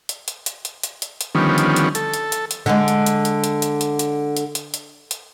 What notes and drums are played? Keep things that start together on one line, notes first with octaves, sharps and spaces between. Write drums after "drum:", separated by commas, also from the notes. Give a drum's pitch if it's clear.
drum: hi-hat
drum: hi-hat
drum: hi-hat
drum: hi-hat
drum: hi-hat
drum: hi-hat
drum: hi-hat
D3 D#3 F3 G3 B3 C#4
drum: hi-hat
drum: hi-hat
A4, drum: hi-hat
drum: hi-hat
drum: hi-hat
drum: hi-hat
D3 G#3
drum: hi-hat
drum: hi-hat
drum: hi-hat
drum: hi-hat
drum: hi-hat
drum: hi-hat
drum: hi-hat
drum: hi-hat
drum: hi-hat
drum: hi-hat
drum: hi-hat